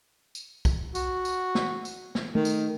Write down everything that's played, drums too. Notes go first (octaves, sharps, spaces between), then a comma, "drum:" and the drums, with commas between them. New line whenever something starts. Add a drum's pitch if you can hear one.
drum: tambourine
drum: kick B1, tambourine
F#4, drum: tambourine
drum: tambourine
drum: snare
drum: tambourine
drum: snare
D#3 A3
drum: tambourine